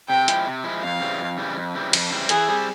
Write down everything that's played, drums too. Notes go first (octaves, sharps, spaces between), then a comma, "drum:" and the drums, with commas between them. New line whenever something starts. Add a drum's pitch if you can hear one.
C3 G5
F3 G#3 E4, drum: hi-hat
C3
F3 G#3 E4
F2 F5
C#3 E3 G3 C4
F2
C#3 E3 G3 C4
F2
C#3 E3 G3 C4
F2, drum: cymbal
C#3 E3 G3 C4
E3 G#4, drum: hi-hat
G3 C4